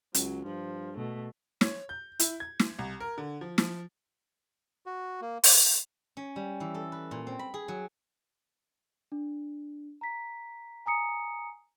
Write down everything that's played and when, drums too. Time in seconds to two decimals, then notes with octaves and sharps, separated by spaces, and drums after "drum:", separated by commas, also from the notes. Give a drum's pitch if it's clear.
0.14 C#2 F#3, drum: hi-hat
0.45 G2 F3
0.96 B2 A3
1.61 C#5, drum: snare
1.89 G6
2.19 E4, drum: hi-hat
2.40 G#6
2.59 drum: snare
2.79 C2
3.00 A#4
3.18 D3
3.41 F3
3.58 F3, drum: snare
4.86 F#4
5.21 A#3
5.44 C6, drum: open hi-hat
6.17 C#4
6.36 G3
6.60 E3
6.75 A4
6.92 B4
7.11 A#2
7.27 C4
7.39 B5
7.54 G#4
7.68 F#3
9.12 D4
10.01 A#5 B6
10.86 G#5 A#5 D#6 C#7